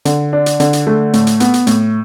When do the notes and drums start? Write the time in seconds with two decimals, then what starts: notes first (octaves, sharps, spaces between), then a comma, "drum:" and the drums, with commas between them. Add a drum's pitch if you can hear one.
0.05 D3, drum: hi-hat
0.33 D4
0.46 drum: hi-hat
0.60 D3, drum: hi-hat
0.73 drum: hi-hat
0.87 A3
1.13 A2, drum: hi-hat
1.27 drum: hi-hat
1.40 B3, drum: hi-hat
1.54 drum: hi-hat
1.67 A2, drum: hi-hat